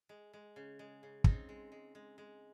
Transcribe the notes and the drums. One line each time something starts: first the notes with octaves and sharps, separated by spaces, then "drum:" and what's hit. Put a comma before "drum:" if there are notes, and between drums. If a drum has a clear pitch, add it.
G#3
G#3
C#3
G#3
C#3
C#3 C4 D#4, drum: kick
G#3
G#3
G#3
G#3